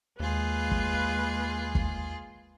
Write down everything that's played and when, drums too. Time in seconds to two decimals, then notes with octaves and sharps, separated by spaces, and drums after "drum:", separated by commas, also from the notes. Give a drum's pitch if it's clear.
0.20 D#2 G#3 A#3 F4 G#4 B4
0.72 drum: kick
1.75 drum: kick